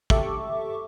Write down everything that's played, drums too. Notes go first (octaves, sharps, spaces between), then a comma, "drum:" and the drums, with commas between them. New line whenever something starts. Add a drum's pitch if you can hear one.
G4 A4 E5 A5 C#6 D6, drum: kick